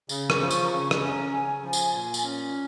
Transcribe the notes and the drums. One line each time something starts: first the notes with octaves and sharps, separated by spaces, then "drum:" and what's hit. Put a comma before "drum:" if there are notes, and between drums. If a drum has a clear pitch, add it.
C#3, drum: tambourine
C#6, drum: rim click
F3
C#6, drum: tambourine
A#5
C#3 C#6
drum: rim click
C#4
A#5
C#3 G#5
F3
drum: tambourine
A#2
drum: tambourine
C#4